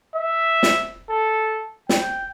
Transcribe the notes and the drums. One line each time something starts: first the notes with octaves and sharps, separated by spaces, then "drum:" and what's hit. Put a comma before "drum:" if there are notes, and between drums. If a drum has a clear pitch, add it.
E5
drum: snare
A4
G5, drum: snare